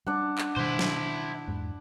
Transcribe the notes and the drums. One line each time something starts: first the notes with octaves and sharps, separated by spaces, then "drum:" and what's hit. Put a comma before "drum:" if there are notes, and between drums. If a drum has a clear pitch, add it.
G3 D4 F#5
drum: clap
B2 D#3 G3 E4 C5
drum: snare
E2 G#2 G#3